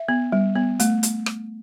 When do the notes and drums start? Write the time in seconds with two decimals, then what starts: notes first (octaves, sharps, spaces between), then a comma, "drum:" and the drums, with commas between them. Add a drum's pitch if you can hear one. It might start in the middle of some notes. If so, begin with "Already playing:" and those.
Already playing: E5
0.09 B3
0.32 G3
0.55 B3
0.80 A3, drum: hi-hat
1.03 drum: hi-hat
1.26 drum: rim click